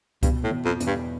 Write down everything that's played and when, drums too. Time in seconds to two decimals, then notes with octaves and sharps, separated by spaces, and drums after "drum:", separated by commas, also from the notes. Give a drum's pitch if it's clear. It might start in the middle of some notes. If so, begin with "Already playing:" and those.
0.23 G2 B2, drum: kick C#2, hi-hat
0.44 A2
0.51 B2
0.65 F2
0.80 E2, drum: hi-hat
0.87 G2